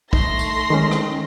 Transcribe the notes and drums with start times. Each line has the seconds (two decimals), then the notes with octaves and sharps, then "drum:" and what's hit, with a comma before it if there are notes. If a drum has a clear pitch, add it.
0.13 A3 D#4 C6 A#6, drum: kick
0.39 drum: tambourine
0.70 D#3 G#3 C#4
0.91 drum: rim click